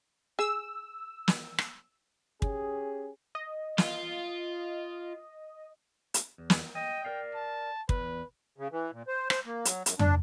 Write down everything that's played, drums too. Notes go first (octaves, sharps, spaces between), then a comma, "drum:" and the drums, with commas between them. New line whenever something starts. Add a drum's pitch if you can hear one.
G#4 E6
drum: snare
drum: rim click
C#4 G4 G#4, drum: kick
D#5
F4, drum: snare
drum: hi-hat
E2
drum: snare
D#5 G5
A#4 D5 F5
A5
E2 B4, drum: kick
C#3
E3
A#2
C5
C5, drum: rim click
A#3
F#3, drum: hi-hat
F#2, drum: hi-hat
D4, drum: tom